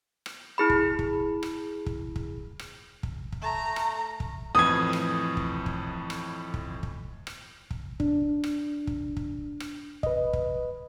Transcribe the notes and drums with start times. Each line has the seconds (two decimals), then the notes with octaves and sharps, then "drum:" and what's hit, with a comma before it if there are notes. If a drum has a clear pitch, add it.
0.26 drum: rim click
0.58 E4 G#4 B5
0.70 drum: kick
0.99 drum: kick
1.43 drum: rim click
1.86 drum: kick
2.16 drum: kick
2.59 drum: rim click
3.03 drum: kick
3.32 drum: kick
3.42 A3 A#5
3.76 drum: rim click
4.20 drum: kick
4.55 F2 A2 E3 D#6 G#6
4.93 drum: rim click
5.37 drum: kick
5.66 drum: kick
6.10 drum: rim click
6.54 drum: kick
6.83 drum: kick
7.27 drum: rim click
7.71 drum: kick
8.00 D4, drum: kick
8.44 drum: rim click
8.87 drum: kick
9.17 drum: kick
9.60 drum: rim click
10.03 B4 D#5, drum: kick
10.33 drum: kick